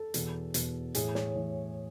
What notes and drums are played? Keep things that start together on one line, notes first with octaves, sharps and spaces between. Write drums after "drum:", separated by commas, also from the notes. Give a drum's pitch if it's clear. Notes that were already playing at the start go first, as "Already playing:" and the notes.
Already playing: A4
E2 B2, drum: hi-hat
E2 B2, drum: hi-hat
A2 E3 G#4, drum: hi-hat
C#5, drum: snare
A2 E3